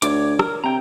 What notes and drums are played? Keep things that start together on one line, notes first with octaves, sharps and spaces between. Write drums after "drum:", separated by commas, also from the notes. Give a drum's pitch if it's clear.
D2 C#5 D5 D6, drum: hi-hat
A#4, drum: rim click
C3 G5 A#5